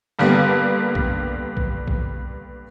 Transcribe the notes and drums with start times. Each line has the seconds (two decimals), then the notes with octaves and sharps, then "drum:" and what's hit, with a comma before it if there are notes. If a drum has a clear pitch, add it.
0.19 G2 D3 G3 A#3 B3
0.95 drum: kick B1
1.57 drum: kick B1
1.87 drum: kick B1